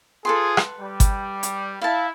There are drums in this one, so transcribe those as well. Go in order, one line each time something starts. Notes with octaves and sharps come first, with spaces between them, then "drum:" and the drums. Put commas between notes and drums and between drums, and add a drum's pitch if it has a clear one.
F4 G#4 A4 B4 C6
drum: rim click
G3
drum: kick G1, hi-hat
drum: hi-hat
E4 F5 A5